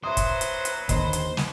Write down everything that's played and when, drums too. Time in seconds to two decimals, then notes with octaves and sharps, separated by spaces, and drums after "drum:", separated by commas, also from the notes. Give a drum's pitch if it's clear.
0.04 F#3 B4 C5 E5 C6 D#6
0.17 drum: kick, hi-hat
0.41 drum: hi-hat
0.65 drum: hi-hat
0.89 D#2 D3 C5 D#5 B5, drum: kick, hi-hat
1.13 drum: hi-hat
1.37 drum: snare